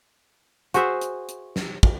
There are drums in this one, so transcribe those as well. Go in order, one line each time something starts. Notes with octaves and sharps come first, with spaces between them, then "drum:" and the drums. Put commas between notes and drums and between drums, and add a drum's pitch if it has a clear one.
F#4 G#4 C5 E5, drum: hi-hat
drum: hi-hat
drum: hi-hat
drum: snare
drum: kick